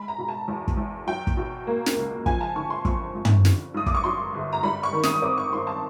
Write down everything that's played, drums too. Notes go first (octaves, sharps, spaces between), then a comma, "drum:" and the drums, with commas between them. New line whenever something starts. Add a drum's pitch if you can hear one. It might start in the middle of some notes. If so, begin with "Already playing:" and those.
Already playing: G#3 B5
A#5
B2
A5
E2
drum: kick
E2
F#3 G5
drum: kick
B2
A#3
drum: snare
C#2
F3 G#5, drum: kick
A5
D3 C#6
C6
F2 C#6, drum: kick
F2
drum: tom
D3, drum: snare
G2 D#6
D6, drum: kick
C#6
F#3 C6
G1
A#5
G3 B5
C#6
D#3
D#6, drum: snare
D#6
C4 D6
C#6
G2 C6
A5